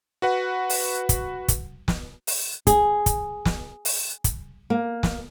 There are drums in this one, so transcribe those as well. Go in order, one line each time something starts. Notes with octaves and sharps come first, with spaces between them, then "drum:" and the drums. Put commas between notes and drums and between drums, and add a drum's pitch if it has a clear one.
F#4 B4 F#5
drum: open hi-hat
drum: kick, hi-hat
drum: kick, hi-hat
drum: snare
drum: open hi-hat
G#4, drum: kick, hi-hat
drum: kick, hi-hat
drum: snare
drum: open hi-hat
drum: kick, hi-hat
A#3
drum: snare